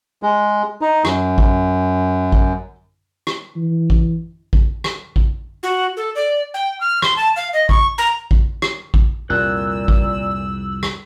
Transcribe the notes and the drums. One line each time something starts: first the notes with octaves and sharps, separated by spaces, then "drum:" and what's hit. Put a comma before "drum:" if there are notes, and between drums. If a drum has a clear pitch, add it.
G#3
D#4
F#2, drum: rim click
drum: kick A1
drum: kick A1
drum: rim click
E3
drum: kick A1
drum: kick A1
drum: rim click
drum: kick A1
F#4
A4
D5
G5
F6
C6, drum: rim click
A5
F5
D#5
C#6, drum: kick A1
A#5
drum: kick A1
drum: rim click
drum: kick A1
C2 F2 A#2 E6 F#6
drum: kick A1
drum: rim click